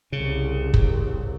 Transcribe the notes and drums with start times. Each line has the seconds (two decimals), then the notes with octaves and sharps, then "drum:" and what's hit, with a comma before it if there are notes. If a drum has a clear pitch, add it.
0.12 C2 C#3
0.74 drum: kick